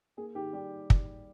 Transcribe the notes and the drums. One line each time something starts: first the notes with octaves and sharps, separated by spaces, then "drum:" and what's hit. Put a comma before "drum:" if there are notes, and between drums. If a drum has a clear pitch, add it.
A#3 G#4
D#3 G4
G3 G4
drum: kick